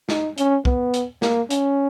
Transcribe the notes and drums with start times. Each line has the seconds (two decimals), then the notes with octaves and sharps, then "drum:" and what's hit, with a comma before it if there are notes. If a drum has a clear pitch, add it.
0.09 D#4, drum: snare
0.38 C#4, drum: hi-hat
0.65 B3, drum: kick
0.94 drum: hi-hat
1.22 A#3, drum: snare
1.50 C#4, drum: hi-hat